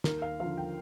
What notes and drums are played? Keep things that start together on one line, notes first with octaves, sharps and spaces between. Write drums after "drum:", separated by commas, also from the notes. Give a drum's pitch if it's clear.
D#2 A#4, drum: snare
F5
D3 F3 F5
G5